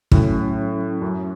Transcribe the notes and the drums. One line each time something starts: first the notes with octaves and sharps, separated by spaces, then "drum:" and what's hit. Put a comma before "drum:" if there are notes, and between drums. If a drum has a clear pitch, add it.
A2 F#3 C#4 E4, drum: kick
F#2